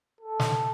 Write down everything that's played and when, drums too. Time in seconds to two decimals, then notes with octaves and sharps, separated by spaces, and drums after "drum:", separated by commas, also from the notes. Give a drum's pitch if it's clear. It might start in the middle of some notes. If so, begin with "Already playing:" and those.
0.21 A4
0.40 drum: snare